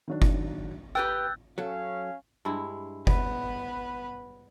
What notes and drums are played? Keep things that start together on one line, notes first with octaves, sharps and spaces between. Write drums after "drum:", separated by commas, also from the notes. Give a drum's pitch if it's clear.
D#3 F#3 D4
drum: kick F#1
G4 B4 G5 E6 F#6 G6 A6
F#3 C#4 A4 F5
G2 G#3 E4
B3 B4, drum: kick F#1